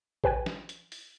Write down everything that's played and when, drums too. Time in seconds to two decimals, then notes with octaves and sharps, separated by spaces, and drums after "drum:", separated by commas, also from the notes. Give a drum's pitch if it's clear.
0.24 G4 B4 G5 G#5, drum: kick A1
0.46 drum: snare
0.69 drum: hi-hat
0.92 drum: open hi-hat